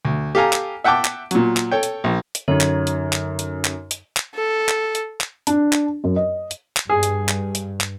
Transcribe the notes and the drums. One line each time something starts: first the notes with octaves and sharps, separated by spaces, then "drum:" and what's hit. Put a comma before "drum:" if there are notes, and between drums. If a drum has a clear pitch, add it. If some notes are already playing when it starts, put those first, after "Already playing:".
D2
G4 A4 F5 G#5 A#5
drum: clap
E5 F#5 G5 A5 D6
drum: clap
A#2 F#3, drum: hi-hat
drum: clap
A4 C#5 G5
drum: hi-hat
A#1
drum: hi-hat
F#2 D3 D#4 C#5
drum: clap
drum: hi-hat
drum: clap
drum: hi-hat
drum: clap
drum: hi-hat
drum: clap
A4
drum: clap
drum: hi-hat
drum: clap
D4, drum: hi-hat
drum: clap
F#2
D#5
drum: hi-hat
drum: clap
G2 G#4
drum: hi-hat
drum: clap
drum: hi-hat
drum: clap